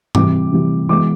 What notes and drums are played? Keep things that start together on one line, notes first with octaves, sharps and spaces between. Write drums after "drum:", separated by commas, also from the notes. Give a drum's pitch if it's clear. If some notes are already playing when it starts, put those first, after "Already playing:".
C3 E3 G3 D6, drum: tom G#2
C3 E3 G3
E3 G#3 B3 D6